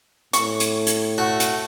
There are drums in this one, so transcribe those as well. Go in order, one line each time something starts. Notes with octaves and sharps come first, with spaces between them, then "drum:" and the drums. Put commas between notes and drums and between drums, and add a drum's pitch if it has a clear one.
A2 C#6, drum: hi-hat
drum: hi-hat
drum: hi-hat
A3 F#4
drum: hi-hat